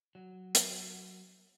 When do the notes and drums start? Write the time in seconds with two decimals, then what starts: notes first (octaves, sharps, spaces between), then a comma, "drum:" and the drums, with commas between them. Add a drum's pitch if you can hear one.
0.15 F#3
0.55 drum: hi-hat